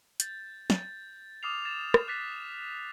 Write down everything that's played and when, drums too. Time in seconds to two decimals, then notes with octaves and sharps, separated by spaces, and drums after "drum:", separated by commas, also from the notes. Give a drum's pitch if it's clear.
0.20 G6 A6, drum: hi-hat
0.70 A6, drum: snare
1.43 D6 D#6 F6 C7 F7
1.65 A6 E7
1.94 drum: rim click
2.07 D6 F#6 A6 B6 C7